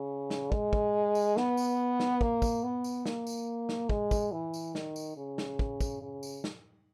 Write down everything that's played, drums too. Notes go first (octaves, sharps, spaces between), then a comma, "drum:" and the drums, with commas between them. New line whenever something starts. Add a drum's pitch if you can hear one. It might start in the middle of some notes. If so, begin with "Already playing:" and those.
Already playing: C#3
drum: snare
G#3, drum: kick
drum: kick
drum: tambourine
B3, drum: snare
drum: tambourine
drum: snare
A#3, drum: kick
drum: kick, tambourine
B3
drum: tambourine
A#3, drum: snare
drum: tambourine
drum: snare
G#3, drum: kick
drum: kick, tambourine
E3
drum: tambourine
D#3, drum: snare
drum: tambourine
C#3
drum: snare
drum: kick
drum: kick, tambourine
C#3
drum: tambourine
drum: snare